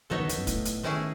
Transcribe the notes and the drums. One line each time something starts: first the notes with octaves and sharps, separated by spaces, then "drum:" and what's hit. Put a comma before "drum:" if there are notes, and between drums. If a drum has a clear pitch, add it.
F#3 B3 D#4 A4 C#5 E5
D#3
E2, drum: hi-hat
F#2
A2, drum: kick, hi-hat
drum: hi-hat
D#3 A3 C#4 E4 G#4